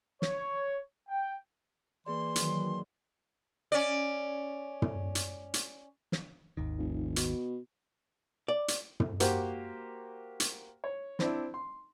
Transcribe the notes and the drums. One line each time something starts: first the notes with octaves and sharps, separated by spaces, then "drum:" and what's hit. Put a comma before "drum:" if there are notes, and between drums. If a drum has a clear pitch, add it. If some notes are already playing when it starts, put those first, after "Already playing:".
C#5, drum: snare
G5
E3 A#3 G#4 D5 C6
D#3 F#3, drum: hi-hat
C#4 D5
drum: tom
drum: hi-hat
drum: hi-hat
drum: snare
G#1 D#2 D#3
F1
B2, drum: hi-hat
D5
drum: hi-hat
drum: tom
A#3 F#4 G4 C5, drum: hi-hat
drum: hi-hat
C#5
C4 D4 E4, drum: snare
C6